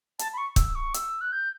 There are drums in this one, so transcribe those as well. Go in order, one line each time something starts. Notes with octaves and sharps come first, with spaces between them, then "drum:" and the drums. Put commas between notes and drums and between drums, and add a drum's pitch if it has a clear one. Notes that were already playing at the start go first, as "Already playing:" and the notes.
A5, drum: hi-hat
B5
C#6
E6, drum: kick, hi-hat
C#6
E6, drum: hi-hat
F#6
G6